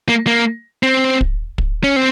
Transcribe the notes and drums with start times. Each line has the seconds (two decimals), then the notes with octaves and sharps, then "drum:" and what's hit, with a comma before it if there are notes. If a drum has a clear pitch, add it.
0.09 A#3
0.27 A#3
0.83 C4
1.21 drum: kick
1.58 drum: kick
1.83 C#4
1.96 C4